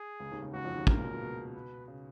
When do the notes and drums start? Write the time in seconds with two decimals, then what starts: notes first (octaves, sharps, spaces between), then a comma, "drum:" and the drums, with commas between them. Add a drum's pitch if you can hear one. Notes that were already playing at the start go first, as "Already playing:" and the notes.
Already playing: G#4
0.20 C#2 C#3
0.31 D#2 D#3
0.42 C#2 C#3
0.53 C#2 C#3 F#4
0.65 F2 F3
0.75 D#2 D#3
0.87 C#2 C#3 A#4, drum: kick
0.97 A#2
1.04 B2
1.21 B2
1.55 B4
1.88 C#3